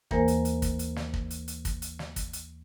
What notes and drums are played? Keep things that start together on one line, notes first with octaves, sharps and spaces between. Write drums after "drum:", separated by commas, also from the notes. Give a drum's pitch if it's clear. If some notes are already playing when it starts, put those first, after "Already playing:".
D#2 E3 A#3 A#4 C5 G#5, drum: kick
drum: hi-hat
drum: hi-hat
drum: kick, hi-hat
drum: hi-hat
drum: snare
drum: kick
drum: hi-hat
drum: hi-hat
drum: kick, hi-hat
drum: hi-hat
drum: snare
drum: kick, hi-hat
drum: hi-hat